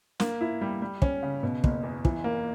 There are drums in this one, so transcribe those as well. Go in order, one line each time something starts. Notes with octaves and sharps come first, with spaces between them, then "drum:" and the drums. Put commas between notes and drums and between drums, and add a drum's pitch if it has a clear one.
A#3, drum: snare
E4
G3
G3
C#4, drum: kick
C#3
B2
F#1, drum: kick
E2
E3, drum: kick
A#3